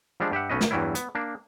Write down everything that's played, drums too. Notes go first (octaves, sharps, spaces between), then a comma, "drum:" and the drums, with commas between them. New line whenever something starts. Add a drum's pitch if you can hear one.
F3 G3 G#3 D4
G2 G4 E5 F#5
B1 A3 C#4 B4 D#5
drum: snare
E2 G2 E3 F#3 G3 E4
B3, drum: hi-hat
A#3 D4